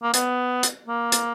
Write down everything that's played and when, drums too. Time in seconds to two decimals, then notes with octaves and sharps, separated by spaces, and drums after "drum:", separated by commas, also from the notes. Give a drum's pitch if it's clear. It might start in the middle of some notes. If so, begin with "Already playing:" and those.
0.03 A#3
0.14 B3, drum: hi-hat
0.63 drum: hi-hat
0.88 A#3
1.12 drum: hi-hat